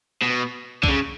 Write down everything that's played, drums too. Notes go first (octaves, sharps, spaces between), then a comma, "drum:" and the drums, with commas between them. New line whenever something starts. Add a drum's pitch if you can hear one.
B2
D3, drum: kick
C#3